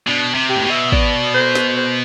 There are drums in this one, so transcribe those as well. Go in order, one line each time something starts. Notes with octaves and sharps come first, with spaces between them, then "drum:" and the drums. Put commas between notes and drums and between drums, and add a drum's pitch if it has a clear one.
B2 D4
C3
G4
A2
B2
E5
D5, drum: kick
C5
drum: snare
C5